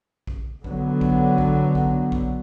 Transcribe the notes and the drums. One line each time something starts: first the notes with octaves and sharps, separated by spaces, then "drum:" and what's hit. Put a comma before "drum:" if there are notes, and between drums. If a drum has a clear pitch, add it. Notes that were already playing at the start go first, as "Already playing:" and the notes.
drum: kick A#1
D3 F#3 B3, drum: kick A#1
drum: kick A#1
drum: kick A#1
drum: kick A#1
drum: kick A#1